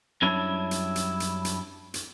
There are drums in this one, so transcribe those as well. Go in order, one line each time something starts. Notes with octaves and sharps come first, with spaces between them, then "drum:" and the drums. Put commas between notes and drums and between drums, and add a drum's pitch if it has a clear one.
F#2 G3 C#4 D4 E4 C#5
drum: hi-hat
drum: hi-hat
drum: hi-hat
drum: hi-hat
drum: hi-hat